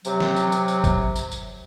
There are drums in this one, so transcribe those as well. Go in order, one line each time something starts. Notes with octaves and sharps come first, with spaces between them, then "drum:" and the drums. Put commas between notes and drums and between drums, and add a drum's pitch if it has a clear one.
C3 F#3, drum: tambourine
drum: snare
drum: tambourine
drum: tambourine
drum: tambourine
drum: kick, tambourine
drum: tambourine
drum: tambourine